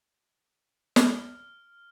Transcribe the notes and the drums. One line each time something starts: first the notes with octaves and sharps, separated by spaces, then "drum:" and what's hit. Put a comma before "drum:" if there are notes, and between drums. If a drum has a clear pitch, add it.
F6, drum: snare